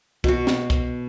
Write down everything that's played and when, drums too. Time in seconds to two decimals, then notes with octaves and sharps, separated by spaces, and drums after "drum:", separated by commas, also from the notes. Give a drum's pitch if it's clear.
0.24 B2 F#4, drum: kick
0.47 drum: snare
0.70 drum: kick, hi-hat